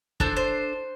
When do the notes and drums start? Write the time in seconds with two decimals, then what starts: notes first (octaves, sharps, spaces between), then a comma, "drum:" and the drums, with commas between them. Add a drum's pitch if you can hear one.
0.20 D4 A4 C5, drum: kick
0.37 C5